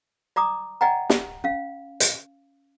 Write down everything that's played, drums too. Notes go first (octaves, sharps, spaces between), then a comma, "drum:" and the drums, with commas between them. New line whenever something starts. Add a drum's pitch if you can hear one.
D5 A#5 D6 D#6
D5 D#5 F#5 G5 A#5
drum: snare
C#4 F5
drum: hi-hat